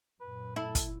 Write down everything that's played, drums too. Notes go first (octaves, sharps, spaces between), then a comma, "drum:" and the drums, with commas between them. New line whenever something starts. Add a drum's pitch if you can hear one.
F#2 A#2 B4
E4 A4
drum: kick, hi-hat